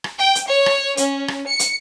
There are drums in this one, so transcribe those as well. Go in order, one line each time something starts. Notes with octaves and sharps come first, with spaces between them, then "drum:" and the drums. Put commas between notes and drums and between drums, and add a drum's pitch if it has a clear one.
drum: rim click
G5
drum: hi-hat
C#5
drum: rim click
C#4, drum: hi-hat
drum: rim click
C#7
drum: hi-hat